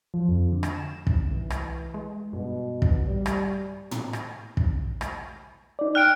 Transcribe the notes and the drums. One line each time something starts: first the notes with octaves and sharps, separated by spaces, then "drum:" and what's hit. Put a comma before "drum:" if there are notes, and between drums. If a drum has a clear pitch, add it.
F3
F2
D3
drum: rim click
E7
drum: kick
C2 E3
drum: rim click
G#3
G2 B2
drum: kick
G3
drum: rim click
drum: tom
drum: rim click
drum: kick
drum: rim click
D#4 D5
G5 F6 F#6 D7